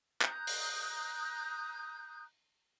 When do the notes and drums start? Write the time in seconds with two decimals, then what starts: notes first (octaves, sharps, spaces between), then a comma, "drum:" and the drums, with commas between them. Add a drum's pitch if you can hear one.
0.22 A#5 D#6 F#6 G6, drum: clap
0.47 drum: open hi-hat